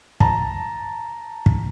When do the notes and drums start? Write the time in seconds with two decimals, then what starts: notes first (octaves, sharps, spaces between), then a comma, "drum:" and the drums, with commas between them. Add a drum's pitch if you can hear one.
0.20 A5 A#5, drum: kick
1.46 drum: kick